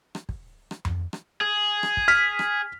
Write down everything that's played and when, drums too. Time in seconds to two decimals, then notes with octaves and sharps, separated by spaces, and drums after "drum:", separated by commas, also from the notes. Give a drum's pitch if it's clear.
0.15 drum: rim click
0.29 drum: kick
0.71 drum: rim click
0.85 drum: tom F2
1.13 drum: rim click
1.41 G#4
1.83 drum: rim click
1.97 drum: kick
2.08 F6 B6
2.39 drum: rim click